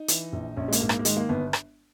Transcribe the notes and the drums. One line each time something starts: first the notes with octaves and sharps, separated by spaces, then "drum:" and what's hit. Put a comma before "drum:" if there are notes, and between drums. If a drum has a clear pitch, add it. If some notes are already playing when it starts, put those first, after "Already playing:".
Already playing: D#4
E3, drum: hi-hat
A#1
A#1 C#4
G#3
A#3, drum: hi-hat
G#2
A#3, drum: rim click
A#3
D#3 G#3, drum: hi-hat
A#3
G1 B3
drum: rim click